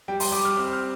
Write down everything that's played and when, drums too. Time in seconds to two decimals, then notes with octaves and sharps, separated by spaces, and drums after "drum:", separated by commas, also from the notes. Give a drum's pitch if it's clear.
0.08 G3 G5
0.20 C6, drum: open hi-hat
0.32 G3 D6
0.45 F6
0.57 C4 F6
0.73 F6